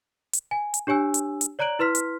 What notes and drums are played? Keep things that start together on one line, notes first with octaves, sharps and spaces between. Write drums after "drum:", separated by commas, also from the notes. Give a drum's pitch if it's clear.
drum: hi-hat
G#5
drum: hi-hat
D4 G4 C#5 G#5 E6
drum: hi-hat
drum: hi-hat
C#5 D5 A#5 F#6 D7 F#7
E4 B4 C6 F6 B6
drum: hi-hat